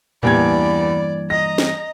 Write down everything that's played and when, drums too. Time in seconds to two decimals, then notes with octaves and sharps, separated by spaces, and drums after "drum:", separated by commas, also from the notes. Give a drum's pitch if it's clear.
0.23 E2 G2 E3 A#3 G4 D5 B5 G#6, drum: tom A2
1.30 D#5 A#5 A#6
1.58 drum: snare